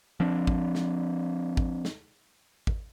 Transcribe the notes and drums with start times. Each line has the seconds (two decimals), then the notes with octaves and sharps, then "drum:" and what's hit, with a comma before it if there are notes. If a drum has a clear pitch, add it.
0.20 F3 C4 D4
0.47 drum: kick
0.75 drum: snare
1.57 drum: kick
1.85 drum: snare
2.67 drum: kick